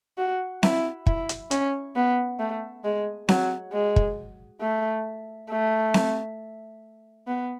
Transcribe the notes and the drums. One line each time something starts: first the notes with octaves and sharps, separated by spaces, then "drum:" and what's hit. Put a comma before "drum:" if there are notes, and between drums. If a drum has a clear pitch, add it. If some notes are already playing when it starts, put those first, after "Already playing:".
F#4
E4, drum: snare C4
E4, drum: kick
drum: hi-hat
C#4, drum: hi-hat
B3
A3
G#3
F#3, drum: snare C4
G#3
drum: kick
A3
A3
drum: snare C4
B3